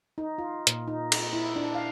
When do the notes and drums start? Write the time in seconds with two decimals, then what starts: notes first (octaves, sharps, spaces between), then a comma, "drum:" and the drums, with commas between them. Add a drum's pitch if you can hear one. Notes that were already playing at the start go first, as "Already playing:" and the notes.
0.18 D#4
0.38 F4
0.67 A#2, drum: hi-hat
0.88 D#4
1.12 drum: cymbal
1.33 E4
1.56 D4
1.75 F5